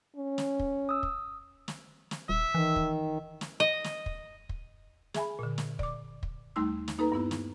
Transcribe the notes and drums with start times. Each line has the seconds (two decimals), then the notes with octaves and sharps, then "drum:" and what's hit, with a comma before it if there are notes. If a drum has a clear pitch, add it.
0.16 C#4
0.38 drum: snare
0.59 drum: kick
0.89 D#6 E6
1.03 drum: kick
1.68 drum: snare
2.11 drum: snare
2.29 D#1 E5
2.55 D#3 E3
2.76 drum: kick
3.41 drum: snare
3.60 D#5
3.84 drum: snare
4.06 drum: kick
4.49 drum: kick
5.14 G#4 E5 G#5 B5, drum: snare
5.39 A#2 D3
5.58 drum: snare
5.79 D5 D6, drum: kick
6.23 drum: kick
6.56 D#2 G3 A3 D#4 C6 E6
6.88 drum: snare
6.98 A#3 D#4 A4 B4 A#5
7.12 G2 B3 E4
7.31 drum: snare